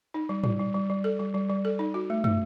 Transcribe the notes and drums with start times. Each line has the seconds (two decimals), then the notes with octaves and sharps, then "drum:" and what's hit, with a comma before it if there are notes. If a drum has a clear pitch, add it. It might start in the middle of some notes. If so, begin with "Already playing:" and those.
0.14 D#4
0.29 G3
0.44 G3, drum: tom G#2
0.59 G3
0.75 G3
0.90 G3
1.04 A4
1.19 G3
1.34 G3
1.50 G3
1.65 A4
1.79 D#4
1.94 F#4
2.10 A3
2.24 A3, drum: tom